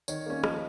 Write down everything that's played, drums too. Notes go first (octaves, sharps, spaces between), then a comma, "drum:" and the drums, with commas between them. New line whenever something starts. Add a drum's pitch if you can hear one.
D#3 C#5, drum: tambourine
A#3 C#4
F3 D#5, drum: rim click